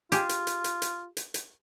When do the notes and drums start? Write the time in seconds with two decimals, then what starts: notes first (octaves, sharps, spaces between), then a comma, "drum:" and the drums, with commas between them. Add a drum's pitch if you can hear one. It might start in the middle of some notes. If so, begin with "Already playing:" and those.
0.12 F4 G4 G#4, drum: hi-hat
0.29 drum: hi-hat
0.47 drum: hi-hat
0.64 drum: hi-hat
0.82 drum: hi-hat
1.17 drum: hi-hat
1.34 drum: hi-hat